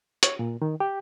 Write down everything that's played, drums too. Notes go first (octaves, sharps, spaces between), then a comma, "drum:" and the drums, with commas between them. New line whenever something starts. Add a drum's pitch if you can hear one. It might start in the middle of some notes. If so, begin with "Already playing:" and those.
C#5, drum: hi-hat
A#2
D#3
G4